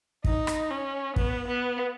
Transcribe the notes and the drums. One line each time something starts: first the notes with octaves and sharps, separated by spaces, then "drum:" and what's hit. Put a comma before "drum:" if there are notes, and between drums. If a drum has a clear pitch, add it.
D#4, drum: kick
drum: rim click
C#4
B3, drum: kick
B3